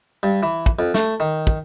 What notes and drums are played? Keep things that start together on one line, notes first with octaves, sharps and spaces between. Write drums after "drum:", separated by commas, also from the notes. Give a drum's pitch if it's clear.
G2
E3
drum: kick
F2
A3, drum: snare
D#3
drum: kick